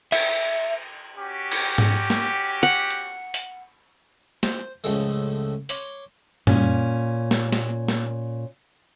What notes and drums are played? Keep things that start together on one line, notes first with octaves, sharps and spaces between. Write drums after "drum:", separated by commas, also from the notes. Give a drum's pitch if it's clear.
E5, drum: cymbal
C#4 F#4 G4
drum: cymbal
drum: tom G#2
drum: snare
F#5
drum: cymbal
drum: open hi-hat
C5, drum: snare
C#2 A2 C#3 F3 G#3 A3, drum: tambourine
C#5 C6 D6, drum: open hi-hat
A#2 C#4, drum: tom
drum: snare
drum: snare
drum: snare